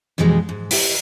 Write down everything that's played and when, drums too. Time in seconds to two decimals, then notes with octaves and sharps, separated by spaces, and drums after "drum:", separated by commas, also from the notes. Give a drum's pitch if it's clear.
0.18 F2 B2 E3 G3 G#3
0.49 G#2
0.71 E4 G4 B4, drum: open hi-hat